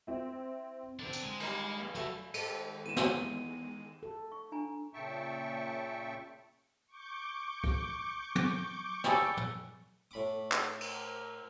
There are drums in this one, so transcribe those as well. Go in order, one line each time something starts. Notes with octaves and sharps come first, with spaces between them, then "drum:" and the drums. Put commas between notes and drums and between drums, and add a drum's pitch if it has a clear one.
C4 E4
D3 C4 D4 A#4
drum: tambourine
G#3
D#3 G3 A#5, drum: cymbal
G2
F#3 A3 F#4 A4 A5, drum: hi-hat
D#3 G#3 A4, drum: cymbal
E2 B4 D#7 E7
drum: snare
A4
C#6
D4 G#5 A#5
A#2 C#3 E5 G5 A5 C#6
C#6 D6 G6
drum: kick
drum: tom
G3 G#4 A4, drum: snare
drum: tom
A2 B5 D6
drum: clap
A#4, drum: cymbal